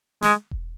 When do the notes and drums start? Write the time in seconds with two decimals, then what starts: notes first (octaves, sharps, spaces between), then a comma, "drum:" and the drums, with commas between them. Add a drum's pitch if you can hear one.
0.22 G#3, drum: snare
0.51 drum: kick E1